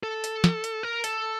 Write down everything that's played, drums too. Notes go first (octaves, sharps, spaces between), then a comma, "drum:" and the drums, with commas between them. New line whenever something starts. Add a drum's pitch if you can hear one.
A4
drum: hi-hat
drum: snare
drum: hi-hat
A#4
A4, drum: hi-hat